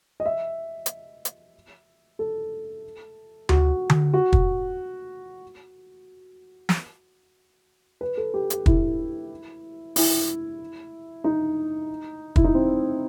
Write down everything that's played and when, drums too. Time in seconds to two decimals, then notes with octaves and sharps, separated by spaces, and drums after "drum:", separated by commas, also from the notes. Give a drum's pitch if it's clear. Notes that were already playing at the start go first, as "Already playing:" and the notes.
0.20 D#5
0.26 E5
0.86 drum: hi-hat
1.25 drum: hi-hat
2.19 A4
3.49 F#4, drum: tom D2
3.90 drum: tom D3
4.14 F#4
4.33 drum: kick
6.69 drum: snare
8.01 B4
8.17 A4
8.34 G4
8.50 G4, drum: hi-hat
8.66 E4, drum: kick
9.96 E4, drum: open hi-hat
11.24 D#4
12.36 E4, drum: kick
12.44 D#4
12.54 C4